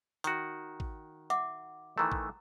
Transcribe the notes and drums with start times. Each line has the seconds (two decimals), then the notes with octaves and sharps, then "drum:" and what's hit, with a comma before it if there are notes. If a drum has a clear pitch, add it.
0.24 D#3 F#4, drum: hi-hat
0.80 drum: kick
1.30 E5 F#5 D6, drum: hi-hat
1.98 D#3 E3 A3 A#5
2.12 drum: kick